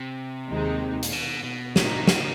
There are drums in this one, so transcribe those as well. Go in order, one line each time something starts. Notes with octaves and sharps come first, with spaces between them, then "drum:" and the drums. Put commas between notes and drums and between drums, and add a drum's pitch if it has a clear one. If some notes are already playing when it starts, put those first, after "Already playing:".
Already playing: C3
D#2 D#3 G#3 C4 D#4
A#2, drum: hi-hat
B2
B2
A2 C3 F3 A#3 D#4 F#4, drum: snare
C#3, drum: snare